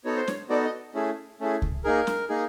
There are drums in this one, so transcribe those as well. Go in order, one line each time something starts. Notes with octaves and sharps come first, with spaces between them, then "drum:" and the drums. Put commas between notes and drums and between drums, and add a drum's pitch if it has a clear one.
B3 D#4 F#4 A4 C#5
C5
C#5, drum: snare
B3 D#4 F#4 A4 D5
D#5
A3 C#4 E4 G#4
A3 C#4 E4 G#4
drum: kick C#2
A#3 D#4 G#4 A#4
drum: snare
A#3 D#4 G#4